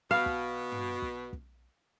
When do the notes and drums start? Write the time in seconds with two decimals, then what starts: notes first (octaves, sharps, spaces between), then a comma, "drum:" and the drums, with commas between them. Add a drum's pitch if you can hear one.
0.11 B2 F5
0.26 drum: kick
0.72 drum: tom
1.02 drum: kick
1.33 drum: kick